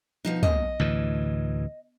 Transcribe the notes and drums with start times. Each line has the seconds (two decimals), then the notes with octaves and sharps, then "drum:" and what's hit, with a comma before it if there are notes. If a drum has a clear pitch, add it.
0.25 B2 F3 D#4
0.43 D#5, drum: tom
0.79 D2 A2 E3